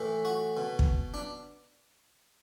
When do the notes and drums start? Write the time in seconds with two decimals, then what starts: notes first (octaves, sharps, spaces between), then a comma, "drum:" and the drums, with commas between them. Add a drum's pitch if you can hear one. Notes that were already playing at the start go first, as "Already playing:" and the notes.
Already playing: A2 E3
0.25 F#4
0.57 B2
0.79 drum: kick
1.14 D4